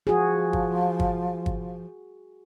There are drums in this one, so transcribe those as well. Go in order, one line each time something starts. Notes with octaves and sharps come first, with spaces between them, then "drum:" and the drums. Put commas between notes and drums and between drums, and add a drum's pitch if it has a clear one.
F3 F#4 G#4
drum: kick
drum: kick
drum: kick